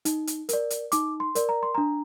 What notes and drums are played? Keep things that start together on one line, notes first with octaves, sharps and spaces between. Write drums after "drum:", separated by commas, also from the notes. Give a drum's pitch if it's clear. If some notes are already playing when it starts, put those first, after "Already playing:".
D#4, drum: hi-hat
drum: hi-hat
A#4 D5, drum: hi-hat
drum: hi-hat
D#4 D6, drum: hi-hat
C6
A#4 D5, drum: hi-hat
A#5
C6
D4 A#5